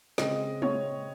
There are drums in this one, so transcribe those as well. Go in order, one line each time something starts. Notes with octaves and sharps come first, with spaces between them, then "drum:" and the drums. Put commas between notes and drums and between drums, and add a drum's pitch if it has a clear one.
C#3 G#3 C4 D#5, drum: snare
C#5, drum: tom G#3